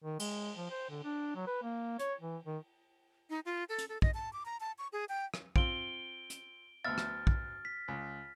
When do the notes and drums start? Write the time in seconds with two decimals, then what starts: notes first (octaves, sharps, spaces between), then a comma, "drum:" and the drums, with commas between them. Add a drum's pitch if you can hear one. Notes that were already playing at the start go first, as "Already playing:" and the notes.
0.04 D#3
0.20 G#3, drum: cymbal
0.57 F3
0.70 C5
0.90 D3
1.04 D4
1.35 F#3
1.47 B4
1.63 A#3
1.99 C#5, drum: hi-hat
2.21 E3
2.46 D#3
3.30 D#4
3.46 F4
3.69 A4
3.78 drum: hi-hat
3.89 A4
4.02 D#5, drum: kick
4.14 A5
4.33 D6
4.46 A#5
4.60 A5
4.78 C#6
4.93 G#4
5.09 G5
5.34 drum: rim click
5.56 C4 F4 D7 G7, drum: kick
6.30 drum: hi-hat
6.85 D2 B3 E5 F6 A6
6.98 drum: rim click
7.27 drum: kick
7.65 B6
7.88 C#2